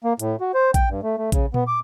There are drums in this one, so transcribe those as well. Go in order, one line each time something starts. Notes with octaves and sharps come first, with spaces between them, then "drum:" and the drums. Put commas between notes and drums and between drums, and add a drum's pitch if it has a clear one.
A#3
A2, drum: hi-hat
F#4
C5
G5, drum: kick A#1, hi-hat
G2
A3
A3
C#3, drum: kick A#1, hi-hat
B3, drum: tom A#2
D6